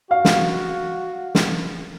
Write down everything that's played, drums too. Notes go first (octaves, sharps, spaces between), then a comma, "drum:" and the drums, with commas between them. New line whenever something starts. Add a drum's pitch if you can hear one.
F#4 F5
drum: snare
drum: snare